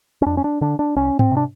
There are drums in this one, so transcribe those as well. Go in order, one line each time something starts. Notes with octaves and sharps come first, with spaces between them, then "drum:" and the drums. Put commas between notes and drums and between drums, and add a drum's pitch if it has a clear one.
C#4
F2 D4
C#4
D4
D3 D4
D4
C2 C#4
C4, drum: tom G#2
C3
D4